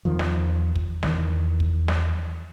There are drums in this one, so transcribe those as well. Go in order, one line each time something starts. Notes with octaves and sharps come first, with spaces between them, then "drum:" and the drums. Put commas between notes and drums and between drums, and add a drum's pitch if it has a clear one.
E2 D#3 F3
drum: snare
drum: kick
E2 D#3 E3, drum: snare
drum: kick
drum: snare